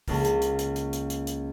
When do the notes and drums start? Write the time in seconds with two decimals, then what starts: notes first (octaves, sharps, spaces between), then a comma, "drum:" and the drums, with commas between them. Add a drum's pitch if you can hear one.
0.08 C#2 A#3, drum: kick, open hi-hat
0.25 drum: hi-hat
0.42 drum: hi-hat
0.59 drum: hi-hat
0.76 drum: hi-hat
0.93 drum: hi-hat
1.10 drum: hi-hat
1.27 drum: hi-hat